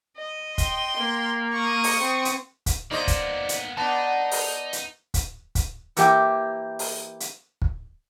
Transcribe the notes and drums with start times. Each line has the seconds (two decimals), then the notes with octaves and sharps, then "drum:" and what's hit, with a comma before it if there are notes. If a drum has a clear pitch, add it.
0.17 D#5
0.58 G5 C6, drum: kick, hi-hat
0.97 A#3
1.53 C#6 D#6
1.84 drum: open hi-hat
2.00 C4
2.25 drum: hi-hat
2.66 drum: kick, hi-hat
2.91 A#3 B3 D#4 C5 D5 D#5
3.08 drum: kick, hi-hat
3.49 drum: hi-hat
3.77 B3 D#4 D5 A5
4.31 drum: open hi-hat
4.73 drum: hi-hat
5.14 drum: kick, hi-hat
5.55 drum: kick, hi-hat
5.97 E3 A#3 G4 E5 G5, drum: hi-hat
6.79 drum: open hi-hat
7.20 drum: hi-hat
7.62 drum: kick